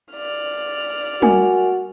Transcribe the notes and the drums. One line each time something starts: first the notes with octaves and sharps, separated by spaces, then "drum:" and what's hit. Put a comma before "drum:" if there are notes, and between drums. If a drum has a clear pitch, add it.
D5 F6
F#4 A#4 G#5, drum: tom